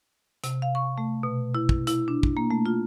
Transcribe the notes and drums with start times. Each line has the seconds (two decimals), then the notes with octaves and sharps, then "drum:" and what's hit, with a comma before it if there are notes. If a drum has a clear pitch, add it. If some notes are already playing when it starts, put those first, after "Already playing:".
0.44 C3, drum: hi-hat
0.62 F5
0.75 C#6
0.98 A3
1.23 B2
1.55 E4
1.69 drum: kick
1.87 E4, drum: hi-hat
2.08 D4
2.23 drum: kick
2.37 A#3
2.51 A3
2.66 F4